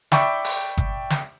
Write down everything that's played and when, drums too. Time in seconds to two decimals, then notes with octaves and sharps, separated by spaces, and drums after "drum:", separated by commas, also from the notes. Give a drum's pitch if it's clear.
0.12 D5 E5 G5 B5 C#6 D6, drum: snare
0.45 drum: open hi-hat
0.77 drum: kick G1, hi-hat
1.10 drum: snare